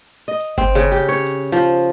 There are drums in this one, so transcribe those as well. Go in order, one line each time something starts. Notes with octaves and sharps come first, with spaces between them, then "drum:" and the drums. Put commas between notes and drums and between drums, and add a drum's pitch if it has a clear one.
D#5
drum: hi-hat
C4, drum: kick G1, hi-hat
C#3, drum: hi-hat
G4, drum: hi-hat
C#5, drum: hi-hat
drum: hi-hat
F3